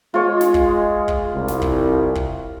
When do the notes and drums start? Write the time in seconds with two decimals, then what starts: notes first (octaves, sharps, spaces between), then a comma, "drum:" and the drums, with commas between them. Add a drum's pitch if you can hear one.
0.14 G#3 F4 C#5
0.41 drum: snare
0.54 drum: kick
1.08 drum: kick
1.33 C2
1.48 drum: snare
1.62 drum: kick
2.15 drum: kick